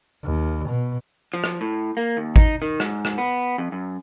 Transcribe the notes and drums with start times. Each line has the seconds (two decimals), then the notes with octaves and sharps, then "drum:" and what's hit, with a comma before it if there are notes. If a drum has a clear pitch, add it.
0.24 D#2
0.69 B2
1.34 F3
1.44 drum: rim click
1.61 A2
1.97 A#3
2.17 D#2
2.36 D#4, drum: kick G#1
2.62 D#3
2.80 G#2, drum: rim click
3.05 drum: rim click
3.18 B3
3.58 F2
3.72 F#2